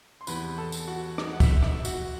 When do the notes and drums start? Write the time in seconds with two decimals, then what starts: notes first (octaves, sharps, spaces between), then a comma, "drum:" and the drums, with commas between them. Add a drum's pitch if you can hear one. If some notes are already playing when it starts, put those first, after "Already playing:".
0.21 C6
0.27 E2 C3 E3 B4 B5, drum: tambourine
0.58 A4 A5
0.72 drum: tambourine
0.87 F#4 F#5
1.18 D#5, drum: rim click
1.33 F#5
1.40 E5, drum: kick, tambourine
1.63 E5, drum: rim click
1.85 F#4 F#5, drum: tambourine